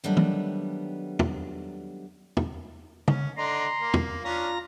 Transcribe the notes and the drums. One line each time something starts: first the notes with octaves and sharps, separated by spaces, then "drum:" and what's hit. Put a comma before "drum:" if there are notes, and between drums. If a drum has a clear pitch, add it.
D#3 F#3 G3 A3 B3 D4
drum: tom
drum: tom
drum: tom
C#4, drum: tom
D3 D5 D#5 A#5 C6
A#3
drum: tom
C#4 D4 F4 A#5 A#6